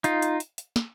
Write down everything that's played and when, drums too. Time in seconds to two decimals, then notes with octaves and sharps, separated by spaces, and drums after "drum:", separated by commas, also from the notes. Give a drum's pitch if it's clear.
0.04 D#4 F4, drum: hi-hat
0.22 drum: hi-hat
0.40 drum: hi-hat
0.58 drum: hi-hat
0.76 drum: snare